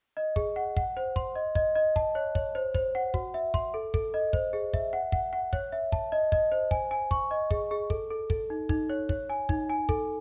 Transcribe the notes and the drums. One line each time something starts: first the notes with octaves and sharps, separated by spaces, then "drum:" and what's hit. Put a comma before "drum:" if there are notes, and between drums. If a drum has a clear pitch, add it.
D#5
G#4, drum: kick
F#5
F#5, drum: kick
C5
C6, drum: kick
D#5
D#5, drum: kick
D#5
A5, drum: kick
C#5
C#5, drum: kick
C5
C5, drum: kick
F#5
F#4, drum: kick
E5
C6, drum: kick
A4
A4, drum: kick
D#5
C5, drum: kick
G#4
E5, drum: kick
F#5
F#5, drum: kick
F#5
C#5, drum: kick
E5
A5, drum: kick
D#5
D#5, drum: kick
C5
G#5, drum: kick
G#5
C#6, drum: kick
D#5
G#4, drum: kick
G#4
A4, drum: kick
A4
A4, drum: kick
D#4
D#4, drum: kick
C#5
C#5, drum: kick
G#5
D#4, drum: kick
G#5
A4, drum: kick